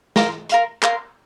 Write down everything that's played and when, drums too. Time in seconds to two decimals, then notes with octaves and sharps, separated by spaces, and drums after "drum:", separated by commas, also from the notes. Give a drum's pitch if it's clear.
0.16 A#4 F5 C6, drum: snare
0.49 A#4 F5 C6, drum: hi-hat
0.83 A#4 F5 C6, drum: clap